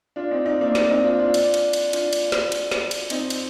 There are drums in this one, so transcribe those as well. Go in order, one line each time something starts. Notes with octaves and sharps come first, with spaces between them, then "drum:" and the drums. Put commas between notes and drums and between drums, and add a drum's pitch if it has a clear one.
D4 F4
C4 D#4
C4 D#4
A#3 D4
C4 D#4, drum: snare
C4 D#4
D4 F4
D4 F4
drum: cymbal
drum: cymbal
drum: cymbal
D4 F4, drum: cymbal
drum: cymbal
drum: snare
drum: cymbal
drum: snare
drum: cymbal
C4 D#4, drum: cymbal
drum: cymbal